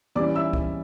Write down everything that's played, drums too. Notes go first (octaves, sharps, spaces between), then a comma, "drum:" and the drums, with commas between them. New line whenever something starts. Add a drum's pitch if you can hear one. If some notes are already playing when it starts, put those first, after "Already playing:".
E3 G3 C#4 E4 D5 D6
E5 E6
drum: kick